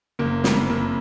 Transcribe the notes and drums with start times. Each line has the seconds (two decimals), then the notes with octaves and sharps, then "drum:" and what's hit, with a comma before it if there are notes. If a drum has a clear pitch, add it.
0.19 F#1 A#3
0.44 F2, drum: snare
0.69 F#1 A#3